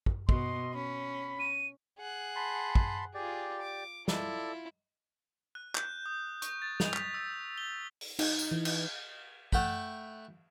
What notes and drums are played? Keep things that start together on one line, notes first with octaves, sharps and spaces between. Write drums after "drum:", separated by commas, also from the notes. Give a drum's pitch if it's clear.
drum: kick
B2 D#5 C6, drum: kick
C#4 B5
D#7
G#4 F#5
A5 B5 C6
drum: kick
F4 G4 G#4 D5
D6
E4 F4 A4 D5, drum: snare
F#6
G6, drum: clap
D#6
C#6, drum: hi-hat
A6
F7, drum: snare
B6, drum: clap
E6
G7
drum: open hi-hat
D#4, drum: cymbal
drum: tambourine
E3
drum: cymbal
A3 F#5 G5 B5, drum: kick